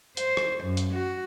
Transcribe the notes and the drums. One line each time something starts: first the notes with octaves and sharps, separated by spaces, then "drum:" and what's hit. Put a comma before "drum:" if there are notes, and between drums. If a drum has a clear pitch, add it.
C5, drum: hi-hat
drum: rim click
F#2
drum: hi-hat
F#4